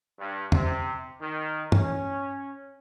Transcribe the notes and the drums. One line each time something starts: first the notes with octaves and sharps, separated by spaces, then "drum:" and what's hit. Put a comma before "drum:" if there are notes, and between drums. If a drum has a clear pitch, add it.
G2
C3, drum: tom E2
D#3
C#4, drum: tom